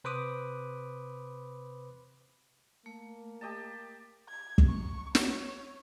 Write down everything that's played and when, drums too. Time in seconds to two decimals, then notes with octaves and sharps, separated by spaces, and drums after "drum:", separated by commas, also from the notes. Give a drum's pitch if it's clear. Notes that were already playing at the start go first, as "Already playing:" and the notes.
0.04 C3 B4 C5 B5 D6 D#6
2.86 A3 A#3
3.41 G4 D#5 A5
4.29 G#6
4.58 drum: kick
4.68 C#6
5.15 C#5, drum: snare